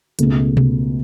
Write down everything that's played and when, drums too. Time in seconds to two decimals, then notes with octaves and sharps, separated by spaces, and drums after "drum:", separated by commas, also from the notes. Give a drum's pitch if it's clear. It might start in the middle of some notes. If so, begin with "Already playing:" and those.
0.19 C#2 B2 A3, drum: hi-hat
0.57 drum: tom B2